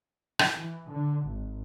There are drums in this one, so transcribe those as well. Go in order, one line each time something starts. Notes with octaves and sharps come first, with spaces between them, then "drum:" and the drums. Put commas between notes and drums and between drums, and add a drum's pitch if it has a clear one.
drum: rim click
E3
D3
G#1